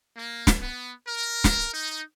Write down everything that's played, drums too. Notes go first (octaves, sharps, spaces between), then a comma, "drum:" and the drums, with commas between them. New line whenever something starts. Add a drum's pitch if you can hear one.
A#3
drum: snare
B3
A#4
drum: snare
D#4